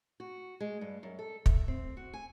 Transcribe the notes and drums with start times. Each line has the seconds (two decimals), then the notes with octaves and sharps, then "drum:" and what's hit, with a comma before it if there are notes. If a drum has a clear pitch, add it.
0.20 F#4
0.60 G#3
0.81 G2
1.03 F#2
1.19 A4
1.46 E5, drum: kick
1.68 C4
1.97 F#4
2.13 G#5